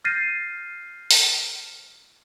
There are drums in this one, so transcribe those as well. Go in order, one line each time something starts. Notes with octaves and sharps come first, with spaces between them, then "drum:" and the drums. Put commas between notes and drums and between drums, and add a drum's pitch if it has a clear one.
F6 G6 A6 A#6 C7 D#7
drum: open hi-hat